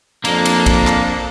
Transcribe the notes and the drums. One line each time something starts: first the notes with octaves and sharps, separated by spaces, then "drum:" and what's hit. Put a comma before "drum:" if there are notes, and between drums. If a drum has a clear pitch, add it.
F2 A#3 D4, drum: cymbal
drum: cymbal
drum: kick, cymbal
drum: clap